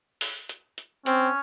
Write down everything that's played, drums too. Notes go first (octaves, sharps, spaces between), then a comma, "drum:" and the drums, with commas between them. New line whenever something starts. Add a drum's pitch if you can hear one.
drum: open hi-hat
drum: hi-hat
drum: hi-hat
C4 C#4, drum: hi-hat